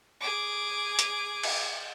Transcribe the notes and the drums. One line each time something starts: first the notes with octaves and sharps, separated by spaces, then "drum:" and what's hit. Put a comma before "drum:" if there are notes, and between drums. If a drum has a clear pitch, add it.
G#4 D6
drum: hi-hat
drum: cymbal